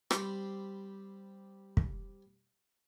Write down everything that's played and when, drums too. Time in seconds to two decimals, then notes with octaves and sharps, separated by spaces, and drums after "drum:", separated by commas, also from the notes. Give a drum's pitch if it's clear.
0.11 G3 C4 G4 C5 B5 C6, drum: rim click
1.77 drum: kick